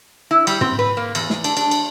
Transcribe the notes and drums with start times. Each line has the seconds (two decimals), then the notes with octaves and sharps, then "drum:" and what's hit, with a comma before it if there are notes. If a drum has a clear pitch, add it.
0.31 E4
0.47 G3, drum: cymbal
0.61 C4, drum: tom
0.79 B4
0.97 A#3
1.15 E2, drum: cymbal
1.30 drum: snare
1.44 D4, drum: cymbal
1.57 D4, drum: cymbal
1.71 drum: cymbal